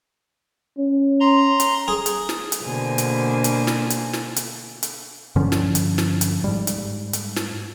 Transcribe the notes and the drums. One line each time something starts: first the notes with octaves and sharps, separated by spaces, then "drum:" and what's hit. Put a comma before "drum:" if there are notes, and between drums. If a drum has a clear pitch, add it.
C#4
A#5 C6
drum: hi-hat
G#4
drum: hi-hat
drum: snare
drum: hi-hat
B2 D3 A#3 C5 G#5
drum: hi-hat
drum: hi-hat
drum: snare
drum: hi-hat
drum: snare
drum: hi-hat
drum: hi-hat
G2 D3 F3 C#4
drum: snare
drum: hi-hat
drum: snare
drum: hi-hat
G#2 G3
drum: hi-hat
drum: hi-hat
drum: snare